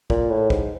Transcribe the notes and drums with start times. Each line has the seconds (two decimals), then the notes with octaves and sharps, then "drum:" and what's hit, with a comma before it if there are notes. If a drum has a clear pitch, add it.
0.10 A#2, drum: kick
0.30 A2
0.50 G#2, drum: kick